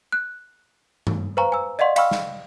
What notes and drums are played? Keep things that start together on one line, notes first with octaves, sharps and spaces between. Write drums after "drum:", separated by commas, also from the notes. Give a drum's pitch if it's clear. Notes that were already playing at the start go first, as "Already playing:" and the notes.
F#6
drum: tom G2
B4 C5 F5 G#5 A#5 C#6
G#5 E6
D5 D#5 F5 F#5 C6 C#6
F5 G5 B5 C#6 E6 F6, drum: cymbal
drum: snare